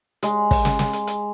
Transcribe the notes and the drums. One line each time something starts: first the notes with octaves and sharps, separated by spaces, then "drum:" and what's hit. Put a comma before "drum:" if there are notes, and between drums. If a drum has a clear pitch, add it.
G#3, drum: hi-hat
drum: kick, open hi-hat
drum: snare
drum: snare
drum: hi-hat
drum: hi-hat